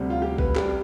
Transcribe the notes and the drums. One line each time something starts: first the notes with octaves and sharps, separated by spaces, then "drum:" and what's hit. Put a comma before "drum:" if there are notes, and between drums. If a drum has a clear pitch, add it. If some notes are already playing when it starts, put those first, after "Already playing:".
Already playing: D2 C3 G3
F4
G4
B4, drum: kick A#1
C2 C3 G3 G4, drum: clap